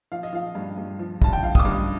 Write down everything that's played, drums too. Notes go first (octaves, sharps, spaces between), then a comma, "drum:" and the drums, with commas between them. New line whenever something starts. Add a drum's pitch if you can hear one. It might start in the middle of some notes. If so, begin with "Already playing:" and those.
F3 F5
D#5
F3 F5
G2
G2
F3
G2 A5, drum: kick
G5
F3 F5
D#6, drum: kick
D6
G2